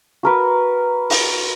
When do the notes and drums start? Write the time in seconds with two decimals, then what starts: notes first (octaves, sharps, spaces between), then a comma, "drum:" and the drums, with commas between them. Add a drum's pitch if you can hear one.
0.23 F#4 A#4 B4
1.10 drum: open hi-hat